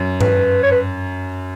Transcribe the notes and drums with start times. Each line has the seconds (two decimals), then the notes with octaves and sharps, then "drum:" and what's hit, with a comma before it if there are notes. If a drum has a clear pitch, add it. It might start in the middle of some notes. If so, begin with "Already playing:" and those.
Already playing: F#2
0.21 B4, drum: tom G2
0.63 C#5
0.71 B4